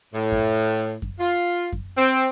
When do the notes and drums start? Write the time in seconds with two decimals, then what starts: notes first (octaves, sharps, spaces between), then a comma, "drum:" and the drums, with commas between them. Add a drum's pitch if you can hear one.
0.13 A2
0.32 drum: kick F#2
1.02 drum: kick F#2
1.20 F4
1.72 drum: kick F#2
1.97 C4